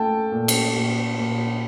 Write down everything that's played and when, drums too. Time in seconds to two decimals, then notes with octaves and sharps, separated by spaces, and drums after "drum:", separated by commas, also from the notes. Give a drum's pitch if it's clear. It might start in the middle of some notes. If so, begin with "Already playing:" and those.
Already playing: A3 G5 A5
0.32 A#2
0.48 drum: cymbal
0.75 A#2
1.18 A#2